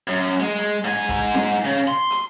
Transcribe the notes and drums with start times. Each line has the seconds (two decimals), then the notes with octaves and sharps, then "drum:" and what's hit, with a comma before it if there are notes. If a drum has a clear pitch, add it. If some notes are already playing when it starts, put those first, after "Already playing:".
0.07 F#2, drum: hi-hat
0.40 G#3
0.58 drum: hi-hat
0.84 G#2 G#5
1.09 drum: kick, hi-hat
1.34 drum: snare
1.64 C#3
1.88 C6
2.10 drum: hi-hat